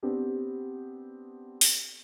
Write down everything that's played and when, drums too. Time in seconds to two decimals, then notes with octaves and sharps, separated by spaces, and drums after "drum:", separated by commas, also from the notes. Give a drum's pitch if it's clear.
0.03 B3 C4 D4 G4
1.61 drum: open hi-hat